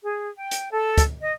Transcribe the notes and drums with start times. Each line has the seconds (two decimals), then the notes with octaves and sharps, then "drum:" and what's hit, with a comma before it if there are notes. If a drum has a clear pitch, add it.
0.04 G#4
0.37 G5
0.51 drum: hi-hat
0.71 A4
0.98 drum: kick, hi-hat
1.21 D#5